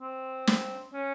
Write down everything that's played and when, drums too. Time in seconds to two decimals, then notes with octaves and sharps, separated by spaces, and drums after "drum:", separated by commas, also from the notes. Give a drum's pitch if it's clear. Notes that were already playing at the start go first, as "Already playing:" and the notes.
0.01 C4
0.47 drum: snare
0.93 C#4